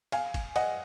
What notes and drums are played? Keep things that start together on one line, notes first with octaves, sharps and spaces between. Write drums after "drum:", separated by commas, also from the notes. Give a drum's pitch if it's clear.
F5 G#5, drum: cymbal
drum: kick, cymbal
D#5 F#5, drum: cymbal